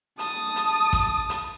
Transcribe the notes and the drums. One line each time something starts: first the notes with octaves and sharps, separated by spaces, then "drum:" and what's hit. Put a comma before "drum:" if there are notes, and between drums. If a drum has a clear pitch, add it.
A5 D#6, drum: hi-hat
drum: hi-hat
drum: kick, hi-hat
drum: hi-hat